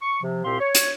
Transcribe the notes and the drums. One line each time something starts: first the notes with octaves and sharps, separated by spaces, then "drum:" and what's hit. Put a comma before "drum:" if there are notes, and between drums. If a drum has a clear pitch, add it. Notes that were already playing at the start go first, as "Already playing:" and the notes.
C#6
C3 F3
C2 A#2 C4 G4 F5 C6
C#5
drum: hi-hat